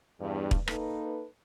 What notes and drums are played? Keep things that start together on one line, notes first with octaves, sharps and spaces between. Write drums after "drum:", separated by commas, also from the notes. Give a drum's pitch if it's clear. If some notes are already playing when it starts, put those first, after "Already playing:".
E2 G2
drum: kick
A#3 D#4 A4 B4, drum: rim click